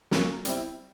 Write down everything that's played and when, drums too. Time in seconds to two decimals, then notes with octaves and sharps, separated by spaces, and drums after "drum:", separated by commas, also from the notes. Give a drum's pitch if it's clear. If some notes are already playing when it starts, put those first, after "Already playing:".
0.11 F#3 A#3 C#4, drum: snare
0.45 G3 C4 E4, drum: hi-hat